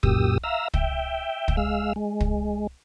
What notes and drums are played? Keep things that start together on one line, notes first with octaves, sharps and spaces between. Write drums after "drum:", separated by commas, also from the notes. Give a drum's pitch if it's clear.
F#2 A#2 G4 D#6 E6, drum: kick
E5 F5 A#5 E6
E5 G5, drum: kick
drum: kick
G#3 F5 E6
G#3
drum: kick